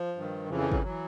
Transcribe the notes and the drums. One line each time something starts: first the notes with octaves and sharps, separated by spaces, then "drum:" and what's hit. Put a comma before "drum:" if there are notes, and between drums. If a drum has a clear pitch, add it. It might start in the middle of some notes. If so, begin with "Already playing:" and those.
Already playing: F3
G2 D#3
F2 C#3 E3 F3
F3
F#3, drum: kick
E3 F#3